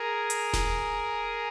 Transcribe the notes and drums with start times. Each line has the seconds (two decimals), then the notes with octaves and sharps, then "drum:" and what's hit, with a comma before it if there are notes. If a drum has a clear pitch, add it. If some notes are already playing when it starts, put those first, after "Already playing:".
Already playing: G#4 A#4
0.30 drum: hi-hat
0.54 drum: snare E1